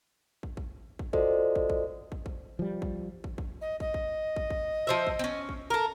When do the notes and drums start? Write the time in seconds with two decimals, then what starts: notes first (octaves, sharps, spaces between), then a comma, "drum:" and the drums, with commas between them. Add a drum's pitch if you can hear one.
0.43 drum: kick
0.57 drum: kick
0.99 drum: kick
1.13 F4 F#4 A4 C5 D5 D#5, drum: kick
1.56 drum: kick
1.70 drum: kick
2.12 drum: kick
2.26 drum: kick
2.59 F3 G3
2.82 drum: kick
3.24 drum: kick
3.38 drum: kick
3.61 D#5
3.80 D#5, drum: kick
3.94 drum: kick
4.36 drum: kick
4.50 drum: kick
4.87 F3 C5 E5
5.07 drum: kick
5.19 C4 C#4
5.49 drum: kick
5.70 A4 A#4 A#5